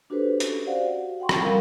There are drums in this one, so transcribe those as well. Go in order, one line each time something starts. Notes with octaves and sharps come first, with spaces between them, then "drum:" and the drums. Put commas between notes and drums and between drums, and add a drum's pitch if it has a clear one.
D4 F#4 G4 A4 B4 C5
C#4 A4, drum: hi-hat
F#4 G4 C5 D5 F5 F#5
F#4
F#5 G5 C6 C#6
drum: rim click
G3 A#4 F5